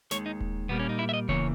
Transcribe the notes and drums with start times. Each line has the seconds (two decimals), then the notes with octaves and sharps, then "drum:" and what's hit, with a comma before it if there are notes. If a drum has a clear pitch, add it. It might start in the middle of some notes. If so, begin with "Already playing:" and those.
0.11 D#2 D#3 G#3 C#5, drum: snare
0.26 D#4
0.40 drum: kick D#1
0.69 A#2 G3 A#3 B3
0.79 C#4
0.89 D#4
0.99 E4
1.09 E5
1.14 D#5
1.28 E2 C#3 E3 A#3 C#5, drum: kick D#1